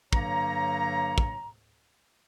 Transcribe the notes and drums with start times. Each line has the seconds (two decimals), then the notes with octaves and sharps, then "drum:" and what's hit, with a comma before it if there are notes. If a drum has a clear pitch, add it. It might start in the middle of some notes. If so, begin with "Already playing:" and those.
0.13 G2 D3 F#3 A#3 C#5 A#5, drum: kick
1.18 drum: kick